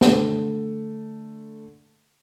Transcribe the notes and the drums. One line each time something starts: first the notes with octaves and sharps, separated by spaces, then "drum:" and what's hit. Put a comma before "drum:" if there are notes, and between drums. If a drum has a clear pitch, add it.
D3 A3, drum: snare